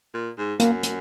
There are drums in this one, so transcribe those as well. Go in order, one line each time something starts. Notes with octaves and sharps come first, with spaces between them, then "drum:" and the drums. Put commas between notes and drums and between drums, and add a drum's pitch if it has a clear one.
A#2
G#2
F#2 A#3, drum: hi-hat
drum: hi-hat